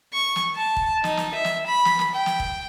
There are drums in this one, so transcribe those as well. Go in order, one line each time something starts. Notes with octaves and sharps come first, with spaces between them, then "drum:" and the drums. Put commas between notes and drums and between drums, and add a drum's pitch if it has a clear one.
C#6
drum: snare
A5
drum: kick
D#4, drum: snare
drum: snare
E5
drum: snare
B5
drum: snare
drum: snare
G5
drum: snare
drum: kick